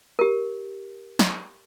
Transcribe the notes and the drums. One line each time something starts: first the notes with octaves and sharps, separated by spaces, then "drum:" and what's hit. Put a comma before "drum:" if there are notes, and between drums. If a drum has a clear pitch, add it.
G4 A#4
drum: snare